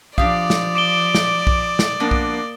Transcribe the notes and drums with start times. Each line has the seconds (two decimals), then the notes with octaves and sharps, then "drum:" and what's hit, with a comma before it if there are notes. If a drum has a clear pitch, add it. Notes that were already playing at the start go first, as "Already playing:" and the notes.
0.18 F3 D4 G4 D5 F5 D#6, drum: kick B1
0.50 drum: snare
0.75 D6 D7 G7
1.15 drum: snare
1.47 drum: kick B1
1.79 drum: snare
2.00 F3 A#3 B3 D4
2.11 drum: kick B1